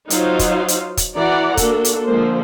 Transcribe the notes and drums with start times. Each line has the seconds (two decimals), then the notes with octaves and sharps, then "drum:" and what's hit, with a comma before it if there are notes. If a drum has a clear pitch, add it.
0.10 F#3 D#4 F4 F#4 C5 F5, drum: hi-hat
0.39 drum: kick, hi-hat
0.68 drum: hi-hat
0.97 drum: kick, hi-hat
1.15 E3 F#4 D5 F#5 A#5
1.57 A#3 D4 F#4 A4, drum: kick, hi-hat
1.85 drum: hi-hat
2.07 D3 F3 G#3 A#3 C5